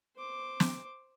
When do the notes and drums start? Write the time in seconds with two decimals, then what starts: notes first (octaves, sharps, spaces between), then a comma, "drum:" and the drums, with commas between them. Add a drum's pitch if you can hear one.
0.17 C5 D6
0.60 drum: snare